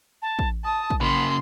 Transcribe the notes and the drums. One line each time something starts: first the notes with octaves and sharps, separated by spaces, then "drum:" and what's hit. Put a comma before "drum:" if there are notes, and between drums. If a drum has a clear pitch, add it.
A5
drum: kick
A5 D#6
drum: kick
C#3 A#3 B5 C6